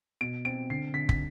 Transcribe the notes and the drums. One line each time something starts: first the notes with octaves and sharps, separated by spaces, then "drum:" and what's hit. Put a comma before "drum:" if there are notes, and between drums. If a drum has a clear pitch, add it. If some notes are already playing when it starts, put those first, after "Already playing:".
B2 D7
C4 D7
D3 C7
D3 B6
B6, drum: kick